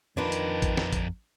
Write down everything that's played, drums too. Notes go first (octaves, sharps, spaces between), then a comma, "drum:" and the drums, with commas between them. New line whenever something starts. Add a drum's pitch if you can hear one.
F2 D#3 D4 F4 A#4 B4
drum: hi-hat
drum: kick A1, hi-hat
drum: snare
drum: kick A1, hi-hat